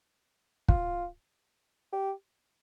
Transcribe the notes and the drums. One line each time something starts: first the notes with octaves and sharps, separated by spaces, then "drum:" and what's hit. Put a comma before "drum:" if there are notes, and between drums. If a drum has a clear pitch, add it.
F4, drum: kick
G4